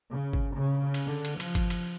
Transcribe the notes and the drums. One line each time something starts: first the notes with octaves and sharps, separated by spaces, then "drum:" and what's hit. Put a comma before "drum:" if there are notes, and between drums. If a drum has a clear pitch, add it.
C#3
drum: kick
C#3
drum: cymbal
D3
drum: cymbal
F3, drum: cymbal
drum: kick, cymbal
drum: cymbal